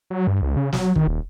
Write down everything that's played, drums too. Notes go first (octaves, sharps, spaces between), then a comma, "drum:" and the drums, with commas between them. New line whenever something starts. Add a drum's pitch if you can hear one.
F#3
G2
C#2
C#3
F#3, drum: snare
D#3, drum: kick
D#1